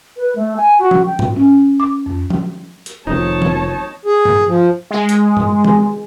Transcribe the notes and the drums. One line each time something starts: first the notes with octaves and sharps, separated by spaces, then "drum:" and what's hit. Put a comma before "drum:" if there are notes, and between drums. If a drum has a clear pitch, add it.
B4
A3
G#5
F#4
drum: tom
G5
drum: tom G#2
C#4
D6
F2
drum: tom
drum: hi-hat
F1 D#3 F3 A3 C4 D#4 C#5 A5
drum: tom E3
G#4
drum: tom G2
F3
G#3
drum: hi-hat
drum: tom G2
drum: tom E3